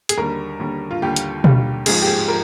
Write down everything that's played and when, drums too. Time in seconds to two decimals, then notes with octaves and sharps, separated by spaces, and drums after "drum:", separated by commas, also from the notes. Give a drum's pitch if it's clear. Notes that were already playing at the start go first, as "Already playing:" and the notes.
0.09 G#4, drum: hi-hat
0.18 D#2 D3 G3 A#4
0.60 D#2 D3 G3
0.91 F4
1.02 D#2 D3 G3 G4
1.16 drum: hi-hat
1.44 D#2 D3 G3, drum: tom B2
1.86 G#1 G#2 F3 G#4, drum: cymbal
2.02 G4
2.07 G#4
2.28 F3 A#4